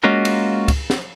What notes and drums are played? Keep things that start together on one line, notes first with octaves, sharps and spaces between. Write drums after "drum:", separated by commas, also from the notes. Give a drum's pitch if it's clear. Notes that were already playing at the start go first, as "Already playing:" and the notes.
G#3 A#3 C#4 F4 F#4 A#4
drum: cymbal
drum: kick C#2, cymbal
drum: snare